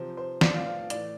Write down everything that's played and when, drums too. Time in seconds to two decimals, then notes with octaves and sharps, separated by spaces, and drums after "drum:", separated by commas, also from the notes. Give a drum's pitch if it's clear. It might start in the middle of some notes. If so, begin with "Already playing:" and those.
Already playing: C3 F3 C5
0.17 C5
0.41 A2 F3 D5, drum: snare
0.54 F5
0.66 F5
0.78 F5
0.90 A2 E3 D5, drum: hi-hat